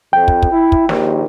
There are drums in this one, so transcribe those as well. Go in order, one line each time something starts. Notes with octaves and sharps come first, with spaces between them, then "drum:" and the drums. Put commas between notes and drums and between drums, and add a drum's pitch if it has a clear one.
F2 G5
drum: kick
drum: kick
E4
drum: kick
A#1 D#2, drum: snare